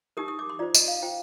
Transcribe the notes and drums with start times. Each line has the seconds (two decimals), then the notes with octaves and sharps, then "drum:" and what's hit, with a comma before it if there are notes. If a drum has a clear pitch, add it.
0.17 D#4 G4 A#4 D#6
0.28 D#6
0.39 D6
0.50 C6
0.59 F4 C5 D5
0.74 D#5, drum: tambourine
0.88 F5
1.03 F4 C5 G5